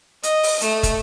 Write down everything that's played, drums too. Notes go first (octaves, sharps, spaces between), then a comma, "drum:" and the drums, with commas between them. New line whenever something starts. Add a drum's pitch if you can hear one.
D#5, drum: hi-hat
drum: open hi-hat
A3, drum: hi-hat
drum: kick, hi-hat